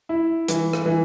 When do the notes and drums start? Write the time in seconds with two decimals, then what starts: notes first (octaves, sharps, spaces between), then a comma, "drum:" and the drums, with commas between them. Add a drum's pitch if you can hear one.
0.09 E4
0.48 E3, drum: hi-hat
0.73 drum: rim click
0.86 E3